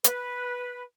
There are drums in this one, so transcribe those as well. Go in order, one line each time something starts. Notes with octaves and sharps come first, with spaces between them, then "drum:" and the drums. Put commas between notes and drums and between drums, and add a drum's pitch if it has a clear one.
B4, drum: hi-hat